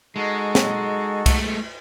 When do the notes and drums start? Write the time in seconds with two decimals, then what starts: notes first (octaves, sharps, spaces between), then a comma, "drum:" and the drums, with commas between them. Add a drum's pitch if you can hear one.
0.16 G#3 D#4 F#4 A4
0.55 drum: snare
1.26 G#3 A3, drum: kick C2, cymbal